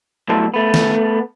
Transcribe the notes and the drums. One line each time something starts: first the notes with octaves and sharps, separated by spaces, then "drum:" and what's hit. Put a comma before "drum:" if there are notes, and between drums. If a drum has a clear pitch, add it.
B2 F#3 G3 A3 E4 A5
A3 B3
drum: snare